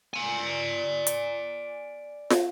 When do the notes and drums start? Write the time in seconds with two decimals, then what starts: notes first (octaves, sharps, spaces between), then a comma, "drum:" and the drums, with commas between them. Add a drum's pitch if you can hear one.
0.14 D5 G#5
1.07 drum: hi-hat
2.30 drum: snare